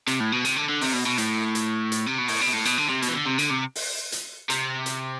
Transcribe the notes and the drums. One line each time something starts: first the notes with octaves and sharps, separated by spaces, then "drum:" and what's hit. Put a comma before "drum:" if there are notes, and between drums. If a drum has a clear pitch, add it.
C3, drum: hi-hat
A2
B2
C3, drum: hi-hat
D3
D3
C3, drum: open hi-hat
B2
B2
A2, drum: hi-hat
drum: hi-hat
drum: hi-hat
C3
B2
A2, drum: open hi-hat
B2
A2
B2, drum: hi-hat
D3
C3
B2, drum: hi-hat
E3
D3
C3
D3, drum: hi-hat
C3
drum: open hi-hat
drum: hi-hat
C3, drum: hi-hat
drum: hi-hat